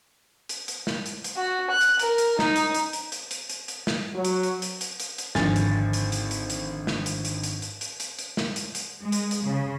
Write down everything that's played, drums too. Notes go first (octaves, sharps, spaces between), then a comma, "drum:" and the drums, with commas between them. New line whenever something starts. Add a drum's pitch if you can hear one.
drum: hi-hat
drum: hi-hat
drum: snare
drum: hi-hat
drum: hi-hat
F#4
F#6
drum: hi-hat
A#4, drum: hi-hat
drum: hi-hat
D#4, drum: snare
drum: hi-hat
drum: hi-hat
drum: hi-hat
drum: hi-hat
drum: hi-hat
drum: hi-hat
drum: hi-hat
drum: snare
F#3
drum: hi-hat
drum: hi-hat
drum: hi-hat
drum: hi-hat
drum: hi-hat
drum: hi-hat
G#1 D3 F3 G#5 A6, drum: snare
drum: hi-hat
drum: hi-hat
drum: hi-hat
drum: hi-hat
drum: hi-hat
drum: snare
drum: hi-hat
drum: hi-hat
drum: hi-hat
drum: hi-hat
drum: hi-hat
drum: hi-hat
drum: hi-hat
drum: snare
drum: hi-hat
drum: hi-hat
G#3
drum: hi-hat
drum: hi-hat
C#3